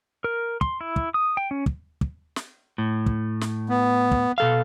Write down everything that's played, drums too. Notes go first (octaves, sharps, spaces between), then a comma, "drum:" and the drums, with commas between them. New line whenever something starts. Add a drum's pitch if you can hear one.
A#4
C6, drum: kick
E4
drum: kick
D#6
G5
C#4
drum: kick
drum: kick
drum: snare
A2
drum: kick
drum: snare
B3
drum: kick
B2 A4 F5